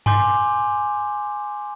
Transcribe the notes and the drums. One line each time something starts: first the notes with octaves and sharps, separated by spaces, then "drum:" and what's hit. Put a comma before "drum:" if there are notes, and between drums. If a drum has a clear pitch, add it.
G#5 C6 D6 G6, drum: tom G2